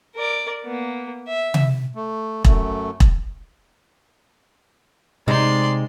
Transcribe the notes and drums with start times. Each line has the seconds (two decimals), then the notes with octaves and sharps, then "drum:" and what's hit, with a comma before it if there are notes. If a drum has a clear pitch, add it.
0.16 A#4 D5
0.64 A#3 B3
1.28 E5
1.54 drum: tom C3
1.95 A3
2.45 F#2 A3, drum: kick E1
3.00 drum: kick E1
5.28 C3 G#3 C4 D#4 D5 C6